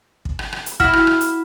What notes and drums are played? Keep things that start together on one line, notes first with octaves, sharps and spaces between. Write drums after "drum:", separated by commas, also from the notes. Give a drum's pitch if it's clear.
drum: kick
drum: rim click
drum: rim click
drum: hi-hat
E4 F#4 E5 F6, drum: kick
drum: rim click
drum: rim click
drum: hi-hat